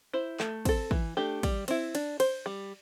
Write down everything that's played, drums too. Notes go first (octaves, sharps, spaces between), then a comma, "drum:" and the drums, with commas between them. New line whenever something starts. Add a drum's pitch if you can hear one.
E4 C5
A3, drum: clap
C4 A4, drum: kick, cymbal
E3, drum: kick
A3 D4 G4
G3, drum: kick, cymbal
C4 E4, drum: cymbal
D4, drum: cymbal
C5, drum: cymbal
G3